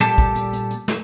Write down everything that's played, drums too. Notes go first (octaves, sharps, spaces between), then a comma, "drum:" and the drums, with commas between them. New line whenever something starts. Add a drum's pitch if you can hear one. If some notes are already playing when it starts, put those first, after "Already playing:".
A#2 G3 G4 A4 A5
drum: kick, hi-hat
drum: hi-hat
drum: hi-hat
drum: hi-hat
drum: snare